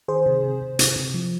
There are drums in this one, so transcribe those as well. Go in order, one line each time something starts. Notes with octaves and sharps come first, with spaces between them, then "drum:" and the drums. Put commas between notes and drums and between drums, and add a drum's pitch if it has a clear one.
D#3 G#4 C5
C3
C3
C3
C3, drum: hi-hat
C3
F3